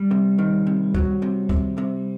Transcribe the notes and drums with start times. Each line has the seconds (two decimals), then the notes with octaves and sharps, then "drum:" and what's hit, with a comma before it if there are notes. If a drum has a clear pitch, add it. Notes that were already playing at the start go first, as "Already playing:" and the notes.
Already playing: G3
0.11 C3
0.38 D#3
0.67 C3
0.94 F#3, drum: kick C#2
1.22 C3
1.49 C3, drum: kick C#2
1.78 C3